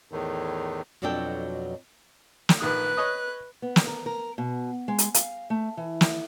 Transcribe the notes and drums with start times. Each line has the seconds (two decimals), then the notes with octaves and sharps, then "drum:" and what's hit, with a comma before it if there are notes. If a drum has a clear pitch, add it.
0.12 E2 A2 D#3
1.02 F2 B2 F#3 D4 A4 G5
2.49 drum: snare
2.60 A#1 D#3 B4 D#6 F#6
2.97 C#5 D#5 D#6
3.62 B3
3.76 drum: snare
3.87 A#4
4.06 A#4
4.38 B2
4.88 G#3
4.98 drum: hi-hat
5.14 F5, drum: hi-hat
5.50 A3
5.77 E3
6.01 drum: snare